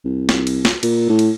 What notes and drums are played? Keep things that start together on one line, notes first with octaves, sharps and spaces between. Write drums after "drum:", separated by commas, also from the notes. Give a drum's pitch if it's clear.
C2
drum: snare
drum: cymbal
drum: snare
A#2, drum: cymbal
A2
drum: cymbal